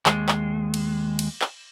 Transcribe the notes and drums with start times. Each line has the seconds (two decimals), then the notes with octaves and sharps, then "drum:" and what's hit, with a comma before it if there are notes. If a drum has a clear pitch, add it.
0.06 D#2 G#3, drum: clap
0.29 drum: clap
0.74 drum: cymbal
1.19 drum: cymbal
1.42 drum: clap